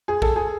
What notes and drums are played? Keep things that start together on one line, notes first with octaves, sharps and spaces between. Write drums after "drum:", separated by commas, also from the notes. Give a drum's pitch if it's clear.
G#4
A4, drum: kick
G#4